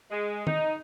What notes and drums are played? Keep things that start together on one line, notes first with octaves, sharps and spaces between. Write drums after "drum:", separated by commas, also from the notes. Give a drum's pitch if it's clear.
G#3
D#4, drum: tom